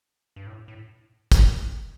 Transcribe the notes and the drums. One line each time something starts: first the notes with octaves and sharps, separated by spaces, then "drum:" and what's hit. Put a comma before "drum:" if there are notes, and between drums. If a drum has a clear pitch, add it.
G2
A2
A2
drum: kick, hi-hat